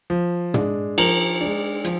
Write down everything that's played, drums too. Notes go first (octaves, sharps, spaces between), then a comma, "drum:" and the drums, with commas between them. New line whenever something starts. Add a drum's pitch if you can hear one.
F3
G#3 D4, drum: tom
F3 A#4, drum: cymbal
G#3 D4
F3, drum: hi-hat